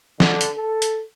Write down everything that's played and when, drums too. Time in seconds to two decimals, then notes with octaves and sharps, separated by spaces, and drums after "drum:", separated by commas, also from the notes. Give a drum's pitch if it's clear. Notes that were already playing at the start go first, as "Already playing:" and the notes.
0.20 D3, drum: snare
0.41 drum: hi-hat
0.56 A4
0.82 drum: hi-hat